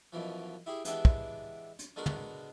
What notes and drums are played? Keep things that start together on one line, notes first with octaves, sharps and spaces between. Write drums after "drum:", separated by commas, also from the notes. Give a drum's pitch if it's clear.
F#2 B2 E3 F3
E4 G4 G#4
E3 G#3 B3 D4 E4 G4, drum: hi-hat
drum: kick
drum: hi-hat
D3 G#3 B3 F#4 A#4
drum: tom